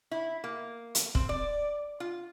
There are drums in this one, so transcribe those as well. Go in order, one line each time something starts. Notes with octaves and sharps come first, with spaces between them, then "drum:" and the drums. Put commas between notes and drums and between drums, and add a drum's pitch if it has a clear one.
E4
A#3
drum: hi-hat
C4, drum: kick
D5
F4